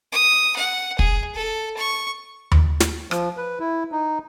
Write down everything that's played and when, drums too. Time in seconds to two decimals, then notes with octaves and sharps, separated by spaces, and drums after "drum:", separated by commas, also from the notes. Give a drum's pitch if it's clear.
0.12 D#6
0.56 F#5
0.99 G#4, drum: kick
1.35 A4
1.77 C#6
2.52 drum: tom D#2
2.80 drum: snare
3.11 F3, drum: rim click
3.37 B4
3.60 E4
3.92 D#4